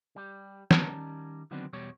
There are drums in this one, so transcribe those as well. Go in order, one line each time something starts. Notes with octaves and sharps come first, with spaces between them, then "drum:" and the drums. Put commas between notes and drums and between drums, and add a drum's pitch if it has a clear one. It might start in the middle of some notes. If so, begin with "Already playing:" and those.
G3 G4
D#3 G3 C#4 A5 A#5, drum: snare
D3 D#3 F#3 B3 C4 D4
E2 B2 G3 G4 C#5